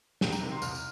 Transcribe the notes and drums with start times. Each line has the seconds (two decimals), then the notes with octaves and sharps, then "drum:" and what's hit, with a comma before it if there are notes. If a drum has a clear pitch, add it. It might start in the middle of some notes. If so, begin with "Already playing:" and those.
0.21 C2 G5, drum: snare
0.32 A#5, drum: tambourine
0.41 C3 D#3
0.52 C6
0.62 C2 F6, drum: tambourine
0.75 drum: tambourine